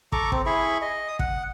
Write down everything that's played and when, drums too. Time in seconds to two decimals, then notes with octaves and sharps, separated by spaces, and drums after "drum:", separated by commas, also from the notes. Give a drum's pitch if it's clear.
0.12 A4 A#5 C#6 D6, drum: kick
0.32 C4, drum: kick
0.46 E4 G#4 B5 C#6
0.82 D#5
1.08 D#6
1.19 F#5, drum: kick